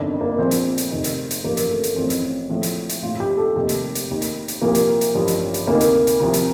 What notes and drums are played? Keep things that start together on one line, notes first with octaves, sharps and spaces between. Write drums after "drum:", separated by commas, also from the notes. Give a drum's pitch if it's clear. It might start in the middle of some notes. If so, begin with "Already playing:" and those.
Already playing: G1 F2 D#3 D4
A#3
A#1 A#2 F3 C4
drum: hi-hat
drum: hi-hat
F1 F2 C3 D#3
drum: hi-hat
drum: hi-hat
A1 G2 F3 A#3
drum: hi-hat
A3
drum: hi-hat
A1 A2 F3 C4
drum: hi-hat
A#1 A2 F3
drum: hi-hat
drum: hi-hat
A#1 A2 F3 F4
G4
A4
F1 D#2 D#3 G4
drum: hi-hat
drum: hi-hat
D#2 D#3
drum: hi-hat
drum: hi-hat
C2 A#2 F3 A#3
drum: hi-hat
drum: hi-hat
A1 G2 F3
drum: hi-hat
drum: hi-hat
D2 C3 D#3 A#3
drum: hi-hat
drum: hi-hat
C2 C3 F3
drum: hi-hat